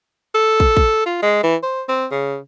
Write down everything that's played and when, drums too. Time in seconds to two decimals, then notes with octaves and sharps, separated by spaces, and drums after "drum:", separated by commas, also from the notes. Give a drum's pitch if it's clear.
0.35 A4
0.60 drum: kick
0.77 drum: kick
1.06 F4
1.23 G#3
1.43 E3
1.63 C5
1.89 C4
2.12 C#3